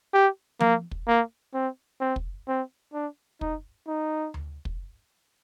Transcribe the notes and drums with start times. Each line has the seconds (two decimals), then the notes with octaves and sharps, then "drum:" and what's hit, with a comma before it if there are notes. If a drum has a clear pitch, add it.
0.14 G4
0.60 A#3, drum: tom F3
0.91 drum: kick
1.08 A#3
1.54 C4
2.01 C4
2.16 drum: kick
2.48 C4
2.93 D4
3.41 D#4, drum: kick
3.88 D#4
4.34 drum: tom D2
4.65 drum: kick